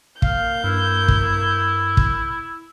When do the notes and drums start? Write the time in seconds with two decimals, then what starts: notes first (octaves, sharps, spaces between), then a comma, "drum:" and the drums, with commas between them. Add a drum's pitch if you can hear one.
0.22 A#3 F5 G6, drum: kick
0.64 G2 E4
1.08 drum: kick
1.97 drum: kick